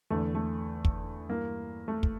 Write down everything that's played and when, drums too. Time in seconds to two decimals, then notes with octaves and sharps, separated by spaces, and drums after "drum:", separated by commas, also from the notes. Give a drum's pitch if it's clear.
0.10 E2 D3 A3
0.35 A3
0.85 drum: kick
1.29 G2 E3 A#3
1.88 A3
2.03 drum: kick